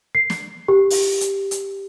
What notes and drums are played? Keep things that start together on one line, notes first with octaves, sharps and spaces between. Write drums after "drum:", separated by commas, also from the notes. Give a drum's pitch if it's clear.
C7
drum: snare
G4
drum: open hi-hat
drum: hi-hat
drum: hi-hat